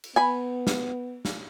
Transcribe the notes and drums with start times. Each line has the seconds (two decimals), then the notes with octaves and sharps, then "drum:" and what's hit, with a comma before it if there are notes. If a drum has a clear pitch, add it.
0.04 drum: cymbal
0.16 B3 G#5 B5
0.67 drum: snare
1.25 drum: snare